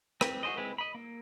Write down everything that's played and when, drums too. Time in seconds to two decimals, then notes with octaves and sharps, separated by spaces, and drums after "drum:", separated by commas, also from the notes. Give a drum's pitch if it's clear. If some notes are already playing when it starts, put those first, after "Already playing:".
0.21 C4 B4, drum: rim click
0.43 F#4 G#4 C5 D#5
0.57 G#3 C4 E4 B4
0.78 D#5 B5
0.95 A#3